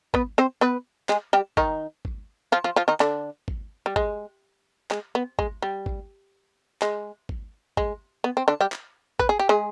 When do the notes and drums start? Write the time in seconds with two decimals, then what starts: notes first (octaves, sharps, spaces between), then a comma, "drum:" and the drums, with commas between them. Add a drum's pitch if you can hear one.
0.14 B3 B4, drum: kick G#1
0.38 C4 C5
0.61 B3 B4
1.09 G#3 G#4, drum: clap
1.33 G3 G4
1.57 D#3 D#4, drum: kick G#1
2.05 drum: kick G#1
2.52 F3 F4
2.64 F3 F4
2.76 F3 F4
2.88 D#3 D#4
3.00 D3 D4, drum: clap
3.48 drum: kick G#1
3.86 G3
3.96 G#3, drum: kick G#1
4.91 G#3, drum: clap
5.15 B3
5.39 G#3, drum: kick G#1
5.62 G3
5.86 drum: kick G#1
6.82 G#3, drum: clap
7.29 drum: kick G#1
7.77 G#3, drum: kick G#1
8.24 B3
8.37 C4
8.48 D3 D4
8.61 G3 G4
8.72 drum: clap
9.19 B4, drum: kick G#1
9.29 G#4
9.39 G4
9.49 G#3 G#4